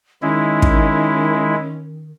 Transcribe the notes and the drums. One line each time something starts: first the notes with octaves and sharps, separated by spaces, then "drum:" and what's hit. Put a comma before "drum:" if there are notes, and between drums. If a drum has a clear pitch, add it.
D#3 G#3 C#4 E4
drum: kick